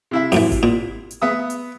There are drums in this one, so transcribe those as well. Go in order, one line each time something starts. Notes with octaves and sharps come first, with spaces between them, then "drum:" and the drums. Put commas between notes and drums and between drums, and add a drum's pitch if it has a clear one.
C3 E4 E5
F#2 A2 E3, drum: open hi-hat
drum: kick G#1, hi-hat
A#2
drum: hi-hat
B3 E5 D#6
drum: hi-hat